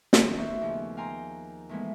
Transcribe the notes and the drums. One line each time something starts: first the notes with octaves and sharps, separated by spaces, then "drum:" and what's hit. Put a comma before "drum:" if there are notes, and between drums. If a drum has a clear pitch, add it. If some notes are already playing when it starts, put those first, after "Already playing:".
D#3 E4, drum: snare
A3 B3 D#4 F#4 C5 E5
D#2 C#3 F3
F5 G5 G#5 A#5 C6
A2 E3 F3 G#3 A#3 B3